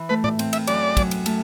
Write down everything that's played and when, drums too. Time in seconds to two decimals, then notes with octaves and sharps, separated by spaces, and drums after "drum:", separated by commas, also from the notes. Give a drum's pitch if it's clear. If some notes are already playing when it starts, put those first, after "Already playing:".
Already playing: E3
0.09 A3 B4
0.24 D5, drum: tom A2
0.39 C4, drum: cymbal
0.53 E5, drum: cymbal
0.67 F#2 D5, drum: cymbal
0.97 F#3, drum: kick, cymbal
1.11 drum: cymbal
1.26 A3, drum: cymbal